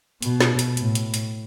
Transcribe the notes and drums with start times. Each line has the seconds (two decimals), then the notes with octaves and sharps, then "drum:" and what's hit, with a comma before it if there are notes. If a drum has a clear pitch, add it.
0.22 B2, drum: hi-hat
0.41 drum: snare
0.59 drum: hi-hat
0.77 A2, drum: hi-hat
0.95 drum: hi-hat
1.14 drum: hi-hat